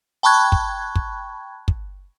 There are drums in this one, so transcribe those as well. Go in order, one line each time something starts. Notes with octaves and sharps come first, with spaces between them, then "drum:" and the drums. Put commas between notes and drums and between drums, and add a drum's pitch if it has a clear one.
G5 A5 B5 C#6 F#6 G#6
drum: kick
drum: kick
drum: kick